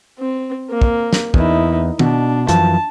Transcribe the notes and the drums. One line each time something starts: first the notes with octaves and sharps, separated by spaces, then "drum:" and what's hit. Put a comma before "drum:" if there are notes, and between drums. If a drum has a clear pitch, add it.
C4
A#3
drum: kick
drum: snare
E2 D#4 E4, drum: kick
B2 D4, drum: tom
F#2 E3 F3 A5, drum: hi-hat